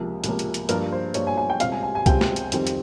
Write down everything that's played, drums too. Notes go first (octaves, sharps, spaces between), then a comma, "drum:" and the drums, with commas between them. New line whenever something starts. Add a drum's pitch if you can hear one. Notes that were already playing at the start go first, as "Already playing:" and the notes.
Already playing: C#2 C3 F3 A#3
C#2 C3 F3 A#3, drum: hi-hat
drum: hi-hat
drum: hi-hat
G2 F3 A#3 A#4, drum: hi-hat
C5
G2 F3 A#3 C#5, drum: hi-hat
G#5
G#5
G5
C#2 C3 G3 C4 F5, drum: hi-hat
G#5
G#5
G#5
C#2 C3 G3 C4 G5, drum: kick C2, hi-hat
drum: snare
drum: hi-hat
F2 D#3 G3 C4, drum: hi-hat
drum: hi-hat